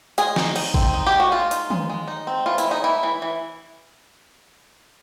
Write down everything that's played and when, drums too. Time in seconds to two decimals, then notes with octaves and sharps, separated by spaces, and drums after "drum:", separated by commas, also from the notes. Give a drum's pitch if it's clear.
0.18 G#3 G#4, drum: hi-hat
0.36 D#4, drum: snare
0.56 D#4, drum: cymbal
0.74 C4, drum: kick A1
0.94 D#4
1.07 G4
1.12 G#3
1.20 F#4
1.31 G#3 F4
1.51 D#4, drum: hi-hat
1.70 G#3, drum: tom D#3
1.90 G#3
2.08 D#4
2.27 C4
2.46 E3 F4
2.58 E4, drum: hi-hat
2.65 G#3
2.71 D#4
2.84 E3 E4
3.03 E3
3.22 E3